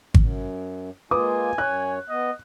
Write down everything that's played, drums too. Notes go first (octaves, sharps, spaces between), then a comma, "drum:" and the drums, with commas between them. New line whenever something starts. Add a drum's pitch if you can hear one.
F#2, drum: kick G#1
G#3 A#3 F4 B4 G#5 D6 D#6
F#2 C#5 F#6
B3 D#5